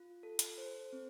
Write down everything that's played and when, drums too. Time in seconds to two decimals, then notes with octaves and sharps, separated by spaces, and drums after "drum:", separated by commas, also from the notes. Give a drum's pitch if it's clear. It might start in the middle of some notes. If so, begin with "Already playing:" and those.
Already playing: F4
0.23 A4
0.39 drum: hi-hat
0.58 C5
0.93 C4